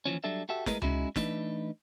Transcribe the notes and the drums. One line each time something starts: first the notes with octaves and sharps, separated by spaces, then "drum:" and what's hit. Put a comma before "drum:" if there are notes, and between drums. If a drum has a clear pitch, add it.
D#2 E3 F3 C#4
F#3 G3 D4 A4 E5
F#4 G4 A4 E5
G#3 A3 G#4 A#4 B4 D#5, drum: snare
G#3 C#4 D#4 E4 F#4 G#4, drum: tom C#2
E3 A3 D4 D#4 B4, drum: snare